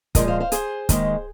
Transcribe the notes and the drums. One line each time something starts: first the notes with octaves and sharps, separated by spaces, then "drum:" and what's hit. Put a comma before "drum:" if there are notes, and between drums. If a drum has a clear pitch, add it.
A#2 F3 G#3 A#4 D#5, drum: kick, hi-hat
C5 F5
C5 F5
G#4 C5, drum: hi-hat
D#2 D#3 G#3, drum: kick, hi-hat